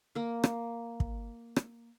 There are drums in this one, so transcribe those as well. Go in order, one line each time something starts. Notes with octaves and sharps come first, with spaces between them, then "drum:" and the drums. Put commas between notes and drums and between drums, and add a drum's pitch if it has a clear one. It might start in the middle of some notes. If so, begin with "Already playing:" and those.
A#3 A#4
drum: rim click
drum: kick
drum: rim click